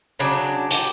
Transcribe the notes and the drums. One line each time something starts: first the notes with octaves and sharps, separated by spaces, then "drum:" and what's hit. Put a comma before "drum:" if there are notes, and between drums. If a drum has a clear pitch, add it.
C#3 F#3 D4
G4, drum: hi-hat